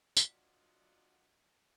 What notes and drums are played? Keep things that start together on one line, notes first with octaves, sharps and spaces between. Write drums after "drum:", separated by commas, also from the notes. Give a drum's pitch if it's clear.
F#3 D4 F4 D5 D#5 F#5, drum: tambourine